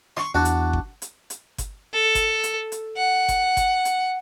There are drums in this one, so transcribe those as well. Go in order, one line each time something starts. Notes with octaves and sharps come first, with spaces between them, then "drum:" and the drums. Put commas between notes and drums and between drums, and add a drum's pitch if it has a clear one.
C6 C#6, drum: rim click
E2 D4 F#4
drum: hi-hat
drum: kick G1
drum: hi-hat
drum: hi-hat
drum: kick G1, hi-hat
A4
drum: kick G1, hi-hat
drum: hi-hat
drum: hi-hat
F#5
drum: kick G1, hi-hat
drum: kick G1, hi-hat
drum: hi-hat